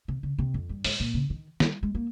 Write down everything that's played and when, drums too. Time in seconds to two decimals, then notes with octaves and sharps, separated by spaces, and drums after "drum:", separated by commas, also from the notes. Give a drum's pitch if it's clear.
0.08 C3
0.23 C#3
0.38 C3
0.54 F2
0.69 G2
0.84 G#2, drum: open hi-hat
1.00 A#2
1.14 C#3
1.30 D#3
1.60 G3, drum: snare
1.83 G#3
1.95 A#3